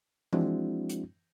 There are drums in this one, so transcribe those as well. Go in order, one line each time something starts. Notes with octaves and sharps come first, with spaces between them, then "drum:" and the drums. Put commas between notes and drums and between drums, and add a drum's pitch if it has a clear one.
F3 G#3 C4 D4 E4 F#4, drum: tom E3
drum: hi-hat